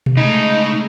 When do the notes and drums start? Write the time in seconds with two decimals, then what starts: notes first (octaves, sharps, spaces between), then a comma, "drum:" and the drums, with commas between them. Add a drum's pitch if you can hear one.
0.06 drum: tom B2
0.17 C#3 G#3 A3 D#4